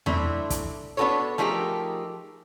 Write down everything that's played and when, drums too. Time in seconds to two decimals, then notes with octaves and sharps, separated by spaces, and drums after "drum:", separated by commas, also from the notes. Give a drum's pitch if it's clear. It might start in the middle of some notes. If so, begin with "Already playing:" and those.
0.06 A3 C4 D4 E4, drum: tom E2
0.50 drum: kick, hi-hat
0.97 B3 D4 F#4 A4 B4 C#5
1.38 F3 A3 D#4 G4 G#4 A#4